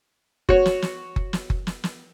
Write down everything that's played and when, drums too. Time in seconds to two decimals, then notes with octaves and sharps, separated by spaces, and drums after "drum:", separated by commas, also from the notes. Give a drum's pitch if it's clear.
0.49 F#4 C#5, drum: kick F#1
0.66 drum: snare
0.82 drum: snare
1.16 drum: kick F#1
1.33 drum: snare
1.50 drum: kick F#1
1.67 drum: snare
1.84 drum: snare